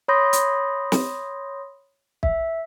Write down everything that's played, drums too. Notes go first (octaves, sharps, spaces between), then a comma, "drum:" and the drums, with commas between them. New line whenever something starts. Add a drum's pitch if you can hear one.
C#5 B5 C6 D#6 G6 A#6
drum: hi-hat
drum: snare
E5, drum: kick B1